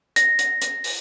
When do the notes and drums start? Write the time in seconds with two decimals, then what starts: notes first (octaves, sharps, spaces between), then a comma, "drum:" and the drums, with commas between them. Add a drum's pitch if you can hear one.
0.16 A#6, drum: hi-hat
0.39 drum: hi-hat
0.62 drum: hi-hat
0.84 drum: open hi-hat